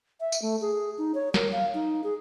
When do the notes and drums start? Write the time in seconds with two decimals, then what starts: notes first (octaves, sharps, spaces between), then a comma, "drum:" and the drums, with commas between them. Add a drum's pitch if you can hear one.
0.20 E5
0.32 drum: tambourine
0.42 A3
0.61 G#4
0.98 D#4
1.15 C#5
1.34 A#4, drum: snare
1.52 F5
1.74 D#4
2.04 G#4